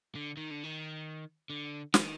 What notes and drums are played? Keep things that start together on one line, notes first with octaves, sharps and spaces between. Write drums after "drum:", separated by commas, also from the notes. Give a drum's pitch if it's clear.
D3
D#3
D3
D#3
D3
D#3, drum: snare